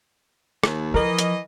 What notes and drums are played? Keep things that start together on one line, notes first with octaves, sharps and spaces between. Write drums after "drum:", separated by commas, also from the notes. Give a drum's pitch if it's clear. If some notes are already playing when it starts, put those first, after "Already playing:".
D#2, drum: rim click
E3 F3 A#4 D#5
drum: hi-hat